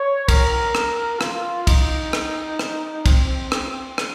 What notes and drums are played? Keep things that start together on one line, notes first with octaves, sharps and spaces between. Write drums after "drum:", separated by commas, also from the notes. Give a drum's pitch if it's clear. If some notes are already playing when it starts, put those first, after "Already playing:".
Already playing: C#5
A#4, drum: kick, cymbal
drum: rim click
F4, drum: rim click
D#4, drum: kick, cymbal
drum: rim click
drum: rim click
C4, drum: kick, cymbal
drum: rim click
drum: rim click